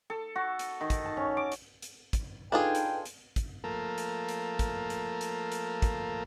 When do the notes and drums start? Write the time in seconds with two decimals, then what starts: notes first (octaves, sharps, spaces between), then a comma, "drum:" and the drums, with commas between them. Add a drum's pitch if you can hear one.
0.10 A4
0.36 F#4
0.59 drum: hi-hat
0.81 D#3
0.90 drum: kick, hi-hat
1.06 A5
1.17 C#4
1.37 D6
1.52 drum: hi-hat
1.82 drum: hi-hat
2.13 drum: kick, hi-hat
2.52 D4 D#4 F4 G#4 A4 B4 G5
2.75 drum: hi-hat
3.05 drum: hi-hat
3.36 drum: kick, hi-hat
3.64 F3 A3 A#3 A4 A#4
3.98 drum: hi-hat
4.29 drum: hi-hat
4.59 drum: kick, hi-hat
4.90 drum: hi-hat
5.21 drum: hi-hat
5.52 drum: hi-hat
5.82 drum: kick, hi-hat